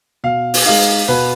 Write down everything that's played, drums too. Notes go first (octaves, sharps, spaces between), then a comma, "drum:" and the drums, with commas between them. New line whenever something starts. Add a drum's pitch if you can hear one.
B2 F5
drum: open hi-hat
G#3 D#4 F5
B2 B4